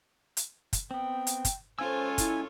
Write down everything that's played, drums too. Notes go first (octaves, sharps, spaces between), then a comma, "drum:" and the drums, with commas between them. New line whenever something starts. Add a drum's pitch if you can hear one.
drum: hi-hat
drum: kick, hi-hat
B3 C4 G5
drum: hi-hat
drum: kick, hi-hat
G#3 C#4 F4 A4 C5 C#5 G#5 E6
E4, drum: kick, hi-hat